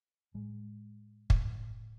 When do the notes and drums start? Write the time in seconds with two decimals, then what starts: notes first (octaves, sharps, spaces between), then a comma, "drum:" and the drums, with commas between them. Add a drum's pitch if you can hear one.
0.34 A2 G#3
1.30 A2, drum: kick